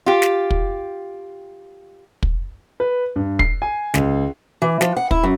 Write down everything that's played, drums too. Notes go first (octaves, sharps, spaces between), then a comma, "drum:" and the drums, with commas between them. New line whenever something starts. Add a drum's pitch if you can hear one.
F4 G4
drum: snare
drum: kick
drum: kick
B4
G2
C7, drum: kick
G#5
C#2, drum: snare
E3
F3, drum: snare
F#5
E4, drum: kick
F#2